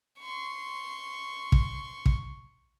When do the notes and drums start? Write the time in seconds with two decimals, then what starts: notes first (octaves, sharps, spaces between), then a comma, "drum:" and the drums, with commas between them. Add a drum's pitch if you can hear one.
0.19 C6 C#6
1.52 drum: kick
2.06 drum: kick